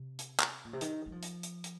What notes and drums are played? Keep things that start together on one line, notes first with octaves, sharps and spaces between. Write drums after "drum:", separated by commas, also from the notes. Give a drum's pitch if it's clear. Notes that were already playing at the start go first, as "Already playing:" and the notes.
Already playing: C3
drum: hi-hat
drum: clap
A#2
C3
D#3, drum: hi-hat
G#3
F3
drum: hi-hat
drum: hi-hat
drum: hi-hat